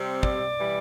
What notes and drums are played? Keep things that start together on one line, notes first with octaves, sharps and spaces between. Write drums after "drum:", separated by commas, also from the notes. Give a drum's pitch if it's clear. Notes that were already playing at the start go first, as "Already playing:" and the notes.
Already playing: C3 G3 C4
D5, drum: kick
E3 G3